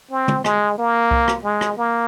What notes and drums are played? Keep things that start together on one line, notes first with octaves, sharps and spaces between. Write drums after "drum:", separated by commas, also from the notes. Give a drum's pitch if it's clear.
C4
drum: tom
G#3, drum: rim click
A#3
drum: kick C2
drum: rim click
G#3
drum: rim click
A#3